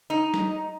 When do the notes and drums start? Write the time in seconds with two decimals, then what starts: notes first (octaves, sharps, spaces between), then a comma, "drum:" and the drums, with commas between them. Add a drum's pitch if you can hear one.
0.10 D#4
0.34 drum: snare